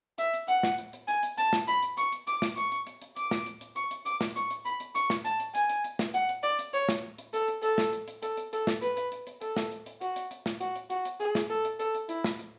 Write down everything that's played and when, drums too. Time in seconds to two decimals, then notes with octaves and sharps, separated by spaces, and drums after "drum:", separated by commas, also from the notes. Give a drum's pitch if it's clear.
0.18 E5, drum: hi-hat
0.34 drum: hi-hat
0.48 F#5, drum: hi-hat
0.63 drum: snare
0.78 drum: hi-hat
0.93 drum: hi-hat
1.08 G#5, drum: hi-hat
1.23 drum: hi-hat
1.38 A5, drum: hi-hat
1.53 drum: snare
1.68 B5, drum: hi-hat
1.82 drum: hi-hat
1.97 C#6, drum: hi-hat
2.12 drum: hi-hat
2.27 D6, drum: hi-hat
2.42 drum: snare
2.57 C#6, drum: hi-hat
2.72 drum: hi-hat
2.87 drum: hi-hat
3.02 drum: hi-hat
3.17 D6, drum: hi-hat
3.31 drum: snare
3.46 drum: hi-hat
3.61 drum: hi-hat
3.76 C#6, drum: hi-hat
3.91 drum: hi-hat
4.06 D6, drum: hi-hat
4.21 drum: snare
4.36 C#6, drum: hi-hat
4.50 drum: hi-hat
4.66 B5, drum: hi-hat
4.80 drum: hi-hat
4.95 C#6, drum: hi-hat
5.10 drum: snare
5.25 A5, drum: hi-hat
5.40 drum: hi-hat
5.55 G#5, drum: hi-hat
5.69 drum: hi-hat
5.84 drum: hi-hat
5.99 drum: snare
6.14 F#5, drum: hi-hat
6.29 drum: hi-hat
6.44 D5, drum: hi-hat
6.59 drum: hi-hat
6.74 C#5, drum: hi-hat
6.89 drum: snare
7.18 drum: hi-hat
7.34 A4, drum: hi-hat
7.48 drum: hi-hat
7.63 A4, drum: hi-hat
7.78 drum: snare
7.93 drum: hi-hat
8.08 drum: hi-hat
8.23 A4, drum: hi-hat
8.37 drum: hi-hat
8.53 A4, drum: hi-hat
8.67 drum: snare
8.82 B4, drum: hi-hat
8.97 drum: hi-hat
9.12 drum: hi-hat
9.27 drum: hi-hat
9.42 A4, drum: hi-hat
9.57 drum: snare
9.71 drum: hi-hat
9.86 drum: hi-hat
10.01 F#4, drum: hi-hat
10.16 drum: hi-hat
10.31 drum: hi-hat
10.46 drum: snare
10.61 F#4, drum: hi-hat
10.76 drum: hi-hat
10.90 F#4, drum: hi-hat
11.05 drum: hi-hat
11.20 G#4, drum: hi-hat
11.35 drum: snare
11.50 A4
11.65 drum: hi-hat
11.80 A4, drum: hi-hat
11.95 drum: hi-hat
12.09 E4, drum: hi-hat
12.24 drum: snare
12.39 drum: hi-hat